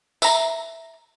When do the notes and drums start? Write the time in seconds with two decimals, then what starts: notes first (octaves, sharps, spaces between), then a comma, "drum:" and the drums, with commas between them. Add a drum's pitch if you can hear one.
0.22 E5 A#5, drum: tambourine